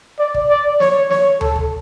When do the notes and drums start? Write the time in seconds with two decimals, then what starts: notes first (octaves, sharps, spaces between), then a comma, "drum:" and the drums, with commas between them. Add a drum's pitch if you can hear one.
0.19 D5
0.34 drum: kick
0.50 D5
0.80 C#5, drum: snare
1.10 C#5, drum: snare
1.41 A4, drum: tom D2
1.56 drum: kick